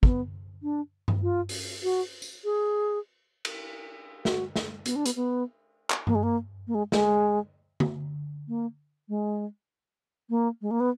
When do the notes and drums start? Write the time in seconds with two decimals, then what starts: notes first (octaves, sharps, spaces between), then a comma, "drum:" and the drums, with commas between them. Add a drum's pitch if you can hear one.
0.03 B3, drum: kick
0.63 D4
1.08 drum: tom G2
1.23 F4
1.49 drum: open hi-hat
1.83 F#4
2.22 drum: tambourine
2.44 G#4
3.45 drum: cymbal
4.25 F#4, drum: snare
4.56 drum: snare
4.86 B3, drum: hi-hat
4.96 D4
5.06 B3, drum: hi-hat
5.16 B3
5.90 drum: clap
6.07 A#3, drum: tom G2
6.15 G#3
6.23 A#3
6.67 A#3
6.75 G#3
6.92 G#3, drum: snare
7.80 drum: tom D3
8.48 A#3
9.09 G#3
10.30 A#3
10.62 G#3
10.71 A#3
10.80 B3